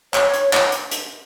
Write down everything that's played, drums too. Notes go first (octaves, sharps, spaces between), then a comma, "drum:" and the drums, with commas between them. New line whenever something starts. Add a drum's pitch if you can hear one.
C#5, drum: clap
drum: hi-hat
drum: clap
drum: hi-hat
drum: hi-hat